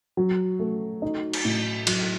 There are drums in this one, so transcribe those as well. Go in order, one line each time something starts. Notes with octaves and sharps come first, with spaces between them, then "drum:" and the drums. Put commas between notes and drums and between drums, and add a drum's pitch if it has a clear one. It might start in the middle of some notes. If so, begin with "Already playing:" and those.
F#3
A3
D#4
drum: cymbal
A2
F#3, drum: cymbal